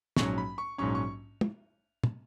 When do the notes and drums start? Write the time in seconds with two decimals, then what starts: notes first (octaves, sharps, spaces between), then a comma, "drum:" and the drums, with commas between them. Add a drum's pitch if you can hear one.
0.17 A#1 G#2 F#3 C#4 C#6, drum: snare
0.38 B5
0.58 C#6
0.78 A#1 G#2 F#3 C#4 C#6
0.95 C#6
1.41 drum: tom
2.04 drum: tom